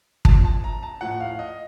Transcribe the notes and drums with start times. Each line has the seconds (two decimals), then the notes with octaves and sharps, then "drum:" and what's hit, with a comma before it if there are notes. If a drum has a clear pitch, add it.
0.25 A#2 F3 A5, drum: kick
0.45 A5
0.64 A#5
0.83 A5
1.01 A2 F3 F#5
1.20 F5
1.39 D#5